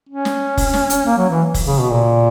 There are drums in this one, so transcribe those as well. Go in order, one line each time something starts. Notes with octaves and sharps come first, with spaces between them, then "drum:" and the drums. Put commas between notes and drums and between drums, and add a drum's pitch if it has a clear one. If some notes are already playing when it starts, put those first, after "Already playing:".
C#4
drum: snare
drum: kick, open hi-hat
drum: snare
drum: hi-hat
A#3
F#3
E3
drum: kick, open hi-hat
C#3
B2
A#2